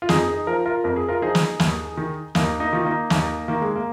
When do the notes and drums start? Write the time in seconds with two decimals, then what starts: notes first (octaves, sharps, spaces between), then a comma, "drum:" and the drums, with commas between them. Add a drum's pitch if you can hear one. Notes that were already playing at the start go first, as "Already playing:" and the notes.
0.02 F4
0.09 F2 D#4 G#4, drum: snare
0.28 D#4 G#4
0.47 F3 F4 A#4
0.65 F4 A#4
0.84 F2 A#4
0.96 G#4
1.08 F4 A#4
1.22 F3 D#4 G#4
1.35 drum: snare
1.60 D#2, drum: snare
1.97 D#3
2.35 D#2 A#3 D#4, drum: snare
2.60 A#3 D#4
2.73 D#3 F4
2.85 A#3 D#4
3.10 D#2 A#3 D#4, drum: snare
3.48 D#3 A#3
3.62 G#3
3.76 A#3